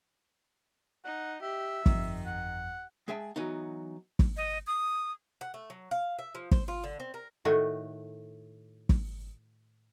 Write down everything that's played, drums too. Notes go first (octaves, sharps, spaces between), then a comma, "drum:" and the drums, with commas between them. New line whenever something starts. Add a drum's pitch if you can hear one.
D#4 F#5
G4 E5
G1 F2 D#3, drum: kick
F#5
G#3 G#4 E5 G5 A5
E3 F#3 B3 D#4
drum: kick
D#5
D#6
F#5
A3
F#3
F5
E5
F3
C5, drum: kick
F4
D3
C4
A#4
A2 D#3 A3 F#4
drum: kick